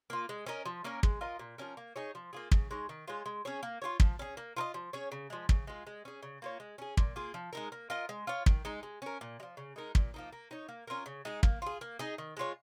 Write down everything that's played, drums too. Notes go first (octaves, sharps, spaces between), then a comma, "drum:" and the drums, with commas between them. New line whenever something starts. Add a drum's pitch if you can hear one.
A#3 F4
G#3
C#4 A#4 D#5
F3
A#3 C#4 A#4
G#3, drum: kick
F4 A#4 D#5
A#2
F3 C#4 A#4
A#3
D#4 G#4 C#5
F3
A#3 F4 G#4
C#3, drum: kick
G#3 D#4 C#5
D#3
G#3 F4 C#5
G#3
C#4 G#4 C#5
A#3
F4 G#4 C#5
F3, drum: kick
C#4 G#4
A#3
F4 A#4 D#5
F3
C#4 G#4 C#5
C#3
F3 G#3
C#3, drum: kick
G#3 F4
G#3
C#4 G#4
C#3
A#3 F4 C#5
G#3
C#4 G#4
A#2, drum: kick
A#3 F4 G#4
F3
G#3 D#4 A#4
A#3
F4 A#4 D#5
G#3
F4 C#5
D#3, drum: kick
G#3 D#4
G#3
C#4 A#4
A#2
G#3
F3
C#3
G#3 D#4 A#4
A#2, drum: kick
F3 A#3 D#4
A#3
D#4 C#5
A#3
C#4 F4 A#4
C#3
G#3 D#4 G#4
A#3, drum: kick
F4 G#4
A#3
D#4 G#4 D#5
D#3
G#3 F4 C#5